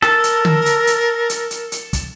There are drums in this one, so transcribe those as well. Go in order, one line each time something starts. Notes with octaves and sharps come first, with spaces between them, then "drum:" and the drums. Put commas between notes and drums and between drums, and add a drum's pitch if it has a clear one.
A4 A#4, drum: snare
drum: hi-hat
drum: tom D3
drum: hi-hat
drum: hi-hat
drum: hi-hat
drum: hi-hat
drum: hi-hat
drum: kick, hi-hat